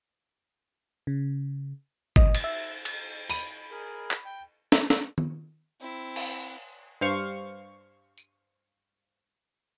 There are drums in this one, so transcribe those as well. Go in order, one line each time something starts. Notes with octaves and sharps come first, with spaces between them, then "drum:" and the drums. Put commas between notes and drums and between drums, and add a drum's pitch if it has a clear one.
C#3
D#5, drum: kick
drum: cymbal
E5
drum: cymbal
B5 D#7, drum: open hi-hat
G#4 A#4
drum: clap
G5
drum: snare
drum: snare
drum: tom D#3
C4 E4
drum: cymbal
G2 C5 F5 C#6
drum: tambourine